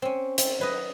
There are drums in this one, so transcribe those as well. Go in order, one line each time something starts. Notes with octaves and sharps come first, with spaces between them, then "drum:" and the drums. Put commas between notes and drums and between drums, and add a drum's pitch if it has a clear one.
C4 C#4
C4, drum: hi-hat
F#3 B4 D#5